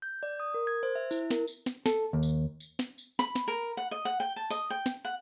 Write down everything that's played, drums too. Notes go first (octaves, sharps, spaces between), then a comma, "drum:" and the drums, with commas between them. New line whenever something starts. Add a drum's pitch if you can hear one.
G6
D5
D#6
A#4
G#6
C5
E5
E4, drum: tambourine
A#4, drum: snare
drum: tambourine
drum: snare
A4, drum: snare
D#2
drum: tambourine
drum: tambourine
drum: snare
drum: tambourine
B5, drum: snare
drum: snare
A#4
F#5
D#5
F#5
G5
A5
D#5, drum: tambourine
G5
drum: snare
F#5